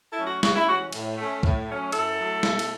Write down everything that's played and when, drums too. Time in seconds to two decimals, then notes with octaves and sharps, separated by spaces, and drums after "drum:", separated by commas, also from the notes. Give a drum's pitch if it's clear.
0.10 E4 A4
0.18 F#3 A3 C#4
0.27 F#4
0.43 C#3 F#4, drum: snare
0.55 E4
0.68 E3 C#4 F#4
0.93 A2, drum: cymbal
1.18 A3 C#4
1.43 A2, drum: kick
1.68 F#3 A3 C#4
1.92 F#2 E4 A4, drum: cymbal
2.17 F#3 A3
2.43 B2, drum: snare
2.59 drum: cymbal